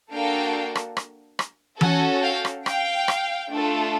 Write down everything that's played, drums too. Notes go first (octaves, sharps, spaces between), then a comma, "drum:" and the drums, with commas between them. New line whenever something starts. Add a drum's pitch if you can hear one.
A#3 D4 F#4 A4 F5 G5
drum: rim click
drum: rim click
drum: rim click
C#4 F#4 A4 F#5 G#5, drum: tom E3
F5 G5
drum: rim click
F5 G5, drum: rim click
drum: rim click
A3 D4 F4 A4